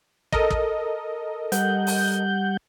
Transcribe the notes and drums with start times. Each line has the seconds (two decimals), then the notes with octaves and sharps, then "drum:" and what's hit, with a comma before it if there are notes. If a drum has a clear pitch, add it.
0.32 A4 A#4 D#5, drum: kick
0.50 drum: kick
1.52 G3 F#5 G6, drum: hi-hat
1.87 drum: open hi-hat